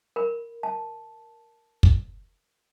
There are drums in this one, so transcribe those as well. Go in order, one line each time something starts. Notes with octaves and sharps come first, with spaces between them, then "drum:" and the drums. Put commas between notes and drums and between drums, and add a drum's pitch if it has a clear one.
A#4 B5
A5
drum: kick